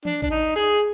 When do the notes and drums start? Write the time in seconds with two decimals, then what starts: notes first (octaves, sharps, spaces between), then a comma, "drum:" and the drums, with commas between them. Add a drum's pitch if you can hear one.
0.05 D4, drum: tom E3
0.22 D4, drum: kick A1
0.31 D#4
0.56 G#4